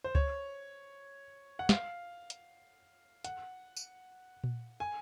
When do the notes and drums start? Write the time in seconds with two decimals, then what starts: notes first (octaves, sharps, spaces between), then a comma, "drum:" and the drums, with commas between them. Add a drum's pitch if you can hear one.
0.04 C5
0.15 C#5, drum: kick C#2
1.59 F#5
1.69 F5, drum: snare
2.30 drum: hi-hat
3.24 F#5, drum: hi-hat
3.77 drum: tambourine
4.44 drum: tom A#2
4.80 G#5